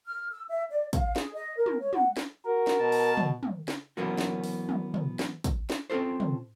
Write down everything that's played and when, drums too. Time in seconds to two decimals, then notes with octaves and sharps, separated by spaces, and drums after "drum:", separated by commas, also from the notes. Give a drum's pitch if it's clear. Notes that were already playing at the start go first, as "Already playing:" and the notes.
0.05 F6
0.30 E6
0.48 E5
0.70 D5
0.93 F5, drum: kick, hi-hat
1.16 G#4, drum: snare
1.33 D#5
1.54 A#4
1.66 drum: tom
1.79 C#5
1.93 F#5, drum: tom
2.17 drum: snare
2.45 F#4 A#4
2.67 drum: snare
2.79 B2 A5
2.92 drum: open hi-hat
3.17 drum: tom
3.43 drum: tom
3.68 drum: snare
3.97 E3 F#3 A#3 B3 C#4 F#4
4.18 drum: snare
4.44 drum: open hi-hat
4.69 drum: tom
4.94 drum: tom
5.19 drum: snare
5.44 drum: kick, hi-hat
5.70 drum: snare
5.90 C4 C#4 F4 A4 C5
6.20 drum: tom